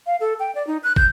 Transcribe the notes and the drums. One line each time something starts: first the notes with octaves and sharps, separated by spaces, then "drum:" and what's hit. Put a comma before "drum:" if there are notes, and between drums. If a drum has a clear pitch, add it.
F5
A4
G5
D5
D#4
F#6
G6, drum: kick